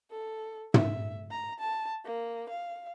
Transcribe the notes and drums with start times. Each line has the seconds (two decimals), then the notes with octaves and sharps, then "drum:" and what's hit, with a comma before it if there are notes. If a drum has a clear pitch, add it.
0.11 A4
0.74 E5, drum: tom
1.31 A#5
1.60 A5
2.05 A#3
2.50 F5